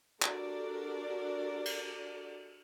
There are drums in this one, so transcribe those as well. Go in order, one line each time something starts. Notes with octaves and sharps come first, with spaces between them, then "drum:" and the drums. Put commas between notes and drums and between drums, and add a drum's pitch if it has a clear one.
D4 F#4 G4 A4 A#4 D5, drum: clap
drum: cymbal